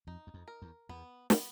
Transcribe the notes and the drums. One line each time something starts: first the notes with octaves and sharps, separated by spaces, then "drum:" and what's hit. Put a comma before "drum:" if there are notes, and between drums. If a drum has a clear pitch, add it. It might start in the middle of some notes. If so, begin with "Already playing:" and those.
F2 D#4
E2
F2
A#4
E2
E2 B3
B3, drum: snare